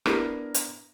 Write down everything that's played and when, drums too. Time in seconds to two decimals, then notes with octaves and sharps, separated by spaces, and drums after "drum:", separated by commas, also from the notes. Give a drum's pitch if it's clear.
0.06 B3 D4 E4 A#4, drum: rim click
0.55 drum: hi-hat